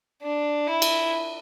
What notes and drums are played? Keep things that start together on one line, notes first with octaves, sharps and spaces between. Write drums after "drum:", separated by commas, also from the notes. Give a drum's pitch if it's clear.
D4
E4
drum: cymbal